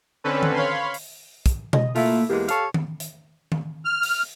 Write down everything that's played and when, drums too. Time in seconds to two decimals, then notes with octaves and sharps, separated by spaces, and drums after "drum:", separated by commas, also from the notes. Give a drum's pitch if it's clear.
0.24 D3 C4 C#4 A4 B4
0.43 drum: tom D#3
0.54 C#5 F5 B5 C6
0.94 drum: open hi-hat
1.46 drum: kick, hi-hat
1.73 D#5, drum: tom B2
1.96 A3 A#3 E4 F4, drum: open hi-hat
2.30 E2 G#3 A#3 G4
2.49 A4 C#5 F5, drum: hi-hat
2.74 drum: tom D#3
3.00 drum: hi-hat
3.52 drum: tom D#3
3.85 F6
4.03 drum: open hi-hat